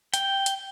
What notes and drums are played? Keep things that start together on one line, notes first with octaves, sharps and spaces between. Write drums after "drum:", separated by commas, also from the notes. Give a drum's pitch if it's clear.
G5, drum: hi-hat
drum: hi-hat